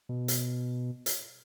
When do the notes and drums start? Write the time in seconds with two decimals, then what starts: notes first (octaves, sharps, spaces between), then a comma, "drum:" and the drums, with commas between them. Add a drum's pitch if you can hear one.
0.09 B2
0.28 drum: hi-hat
1.06 drum: hi-hat